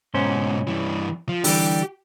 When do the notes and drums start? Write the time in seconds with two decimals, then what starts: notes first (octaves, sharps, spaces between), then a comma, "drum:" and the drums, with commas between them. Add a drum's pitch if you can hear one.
0.14 G#2 B2 C#4 C5
0.67 G2 E3
1.29 F3
1.44 D3 E3 G3 G4, drum: open hi-hat